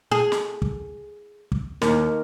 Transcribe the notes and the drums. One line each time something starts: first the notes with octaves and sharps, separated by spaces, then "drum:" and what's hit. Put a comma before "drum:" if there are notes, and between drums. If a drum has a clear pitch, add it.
G#4
drum: snare
drum: kick
drum: kick
D#2 D#4 A#4, drum: snare